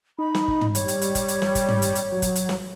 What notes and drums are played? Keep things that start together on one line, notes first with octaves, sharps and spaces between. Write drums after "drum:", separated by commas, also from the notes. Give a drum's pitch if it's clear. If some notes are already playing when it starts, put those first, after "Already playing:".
D#4 B5
drum: snare
drum: kick
drum: tom
G3 C#5, drum: hi-hat
drum: hi-hat
drum: hi-hat
drum: kick, hi-hat
drum: hi-hat
drum: snare
drum: kick, hi-hat
drum: tom
drum: hi-hat
drum: hi-hat
F#3
drum: kick, hi-hat
drum: hi-hat
drum: snare